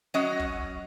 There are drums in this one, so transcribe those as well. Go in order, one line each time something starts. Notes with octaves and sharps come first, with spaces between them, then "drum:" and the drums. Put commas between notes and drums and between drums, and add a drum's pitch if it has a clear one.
F#3 C#4 F#4 D#5
drum: kick